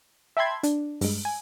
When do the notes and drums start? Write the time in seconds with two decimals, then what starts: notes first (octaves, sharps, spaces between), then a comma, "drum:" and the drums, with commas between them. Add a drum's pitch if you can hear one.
0.37 E5 G5 A5 B5 C6 G#6
0.63 D4, drum: hi-hat
1.01 G2 G#3, drum: open hi-hat
1.25 G#5